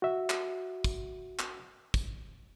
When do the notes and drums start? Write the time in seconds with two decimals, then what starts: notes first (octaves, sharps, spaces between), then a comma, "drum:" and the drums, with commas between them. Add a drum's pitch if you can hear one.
0.02 F#4 E5
0.30 drum: clap
0.84 drum: kick, tambourine
1.39 drum: clap
1.94 drum: kick, tambourine